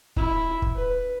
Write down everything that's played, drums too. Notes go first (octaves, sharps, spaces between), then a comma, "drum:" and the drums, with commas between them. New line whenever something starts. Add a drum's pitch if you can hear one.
E4, drum: kick
drum: kick
B4